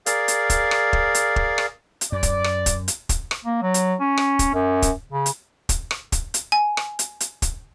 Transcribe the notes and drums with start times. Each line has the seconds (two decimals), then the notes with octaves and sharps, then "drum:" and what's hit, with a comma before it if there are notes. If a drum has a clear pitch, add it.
0.06 G#4 A#4 D5 F5, drum: hi-hat
0.28 drum: hi-hat
0.50 drum: kick, hi-hat
0.71 drum: rim click
0.93 drum: kick
1.15 drum: hi-hat
1.36 drum: kick
1.58 drum: rim click
2.01 drum: hi-hat
2.12 F#2 D5
2.23 drum: kick, hi-hat
2.44 drum: rim click
2.66 drum: kick, hi-hat
2.88 drum: hi-hat
3.09 drum: kick, hi-hat
3.31 drum: rim click
3.44 A#3
3.62 F#3
3.74 drum: hi-hat
4.00 C#4
4.18 drum: rim click
4.39 drum: kick, hi-hat
4.54 F#2
4.82 drum: kick, hi-hat
5.12 C#3
5.26 drum: hi-hat
5.69 drum: kick, hi-hat
5.91 drum: rim click
6.12 drum: kick, hi-hat
6.34 drum: hi-hat
6.52 G#5
6.77 drum: rim click
6.99 drum: hi-hat
7.20 drum: hi-hat
7.42 drum: kick, hi-hat